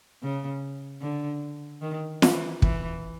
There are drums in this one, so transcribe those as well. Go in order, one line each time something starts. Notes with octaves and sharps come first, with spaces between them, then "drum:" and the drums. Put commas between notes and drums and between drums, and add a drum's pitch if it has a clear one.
C#3
D3
D#3
E3, drum: snare
E3, drum: kick